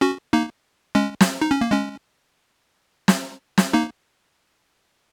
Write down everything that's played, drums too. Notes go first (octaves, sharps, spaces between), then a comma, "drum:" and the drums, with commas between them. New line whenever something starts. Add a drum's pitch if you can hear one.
C#4 F#4
A#3 D#4
G#3 C#4
drum: snare
D#4
C#4
A#3
G#3 C#4
drum: snare
drum: snare
A#3 D#4